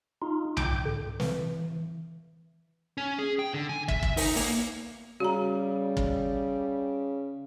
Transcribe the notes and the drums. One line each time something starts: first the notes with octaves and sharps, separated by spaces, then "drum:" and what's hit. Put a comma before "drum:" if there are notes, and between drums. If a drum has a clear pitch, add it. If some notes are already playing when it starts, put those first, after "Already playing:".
D#4 F4
G5 D6 G6, drum: tom C2
A2 D3
E3, drum: snare
C#4
G#4
G5
D3
G#5
E5, drum: kick
drum: kick
D#4, drum: open hi-hat
A#3, drum: open hi-hat
C#3 G3 F#4 A#5
drum: kick